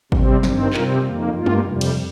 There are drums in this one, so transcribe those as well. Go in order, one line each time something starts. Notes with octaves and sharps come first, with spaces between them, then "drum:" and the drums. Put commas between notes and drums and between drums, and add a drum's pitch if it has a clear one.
C3 G3 C4, drum: kick G#1
G2 D#3 C4, drum: snare
C3 G3 C4 F4 A#4, drum: clap
F2 D#3 A#3
G2 G3 A#3 F4
drum: tom
F2 C3 G3
drum: cymbal